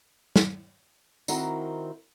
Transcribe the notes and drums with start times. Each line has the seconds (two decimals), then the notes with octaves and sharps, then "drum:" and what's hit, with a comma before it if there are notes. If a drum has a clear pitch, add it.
0.36 drum: snare
1.28 D#3 C4 E4 F#4 A#4, drum: tambourine